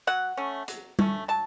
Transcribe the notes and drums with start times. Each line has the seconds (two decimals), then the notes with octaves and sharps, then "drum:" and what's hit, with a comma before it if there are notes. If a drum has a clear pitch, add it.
0.07 F#3 F#5
0.37 A3 C#4
0.68 F#3, drum: hi-hat
0.99 A3 C#4, drum: tom
1.28 F#3 A5